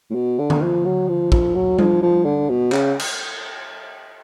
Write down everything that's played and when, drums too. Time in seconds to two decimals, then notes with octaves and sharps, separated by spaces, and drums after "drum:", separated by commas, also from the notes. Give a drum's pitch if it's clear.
0.10 A2
0.15 B2
0.39 D3
0.50 drum: tom D3
0.62 F3
0.85 F#3
1.09 F3
1.32 F3, drum: kick
1.55 F#3
1.79 F3, drum: tom G3
2.02 F3
2.25 D3
2.49 B2
2.72 C#3, drum: clap
3.00 drum: cymbal